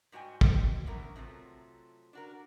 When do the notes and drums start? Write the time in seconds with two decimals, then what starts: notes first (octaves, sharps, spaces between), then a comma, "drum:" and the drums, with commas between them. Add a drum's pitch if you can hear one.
0.12 G#2 G3 F#4 G5 G#5
0.41 drum: kick
0.86 A2 D3 E3 B3 C#4 A#4
1.16 C3 F3 F#3 A3 C4
2.13 D4 F#4 A#4